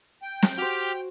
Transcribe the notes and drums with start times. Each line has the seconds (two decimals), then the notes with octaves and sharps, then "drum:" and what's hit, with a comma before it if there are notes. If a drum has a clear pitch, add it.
0.22 G5
0.43 drum: snare
0.58 F#4 G4 C5 F6 G6